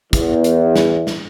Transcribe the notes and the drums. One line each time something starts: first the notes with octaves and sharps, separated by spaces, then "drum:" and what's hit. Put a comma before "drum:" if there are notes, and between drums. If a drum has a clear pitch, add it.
E2, drum: kick, hi-hat
drum: hi-hat
drum: snare
drum: snare